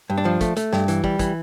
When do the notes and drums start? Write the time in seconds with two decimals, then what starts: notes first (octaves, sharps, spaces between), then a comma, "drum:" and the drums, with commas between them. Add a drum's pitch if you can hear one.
0.10 G2
0.18 D4
0.25 F3
0.41 A3, drum: kick, hi-hat
0.57 A3, drum: hi-hat
0.73 G2, drum: snare
0.88 E3, drum: hi-hat
1.04 G3, drum: kick
1.19 E3, drum: kick, hi-hat